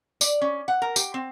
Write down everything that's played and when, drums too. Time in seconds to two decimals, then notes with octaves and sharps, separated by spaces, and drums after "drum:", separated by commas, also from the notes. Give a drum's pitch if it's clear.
0.21 D5, drum: tambourine
0.41 C#4
0.68 F#5
0.82 A#4
0.96 G4, drum: tambourine
1.14 C4